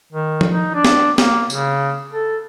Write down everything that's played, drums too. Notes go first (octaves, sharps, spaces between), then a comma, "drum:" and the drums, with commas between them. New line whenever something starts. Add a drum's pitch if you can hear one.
D#3
drum: tom F3
D#4
D4
drum: snare
A#3, drum: snare
C#3, drum: tambourine
A4